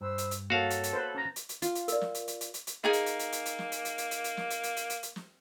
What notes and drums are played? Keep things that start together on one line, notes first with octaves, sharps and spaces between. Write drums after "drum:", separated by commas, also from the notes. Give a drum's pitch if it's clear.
G2 C5 B5 E6
drum: hi-hat
drum: hi-hat
A#3 F#4 A4 C#5 F5
drum: hi-hat
drum: hi-hat
B4 C5
C#4 A5 A#5
drum: hi-hat
drum: hi-hat
F4, drum: hi-hat
drum: hi-hat
A#4 D5, drum: hi-hat
drum: snare
drum: hi-hat
drum: hi-hat
drum: hi-hat
drum: hi-hat
drum: hi-hat
A#3 D#4 G#4 G#5
drum: hi-hat
drum: hi-hat
drum: hi-hat
drum: hi-hat
drum: hi-hat
drum: snare
drum: hi-hat
drum: hi-hat
drum: hi-hat
drum: hi-hat
drum: hi-hat
drum: snare
drum: hi-hat
drum: hi-hat
drum: hi-hat
drum: hi-hat
drum: hi-hat
drum: snare